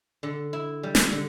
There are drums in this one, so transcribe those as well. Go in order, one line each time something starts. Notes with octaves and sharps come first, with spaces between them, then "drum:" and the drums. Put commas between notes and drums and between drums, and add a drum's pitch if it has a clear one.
D3
E4
G3
drum: snare
D3